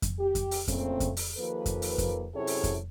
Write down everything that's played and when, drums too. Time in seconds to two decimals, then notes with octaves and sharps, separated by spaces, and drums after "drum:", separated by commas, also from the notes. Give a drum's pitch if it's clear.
0.02 drum: kick F2, hi-hat
0.19 G4
0.35 drum: kick F2, hi-hat
0.51 drum: open hi-hat
0.68 A#2 C#3 A3 C4, drum: kick F2, hi-hat
1.00 drum: kick F2, hi-hat
1.17 drum: open hi-hat
1.37 D#2 F3 A#3 A4 B4
1.66 drum: kick F2, hi-hat
1.82 drum: open hi-hat
1.98 drum: kick F2, hi-hat
2.34 F#2 C3 E4 G#4 A4 C#5
2.47 drum: open hi-hat
2.64 drum: kick F2, hi-hat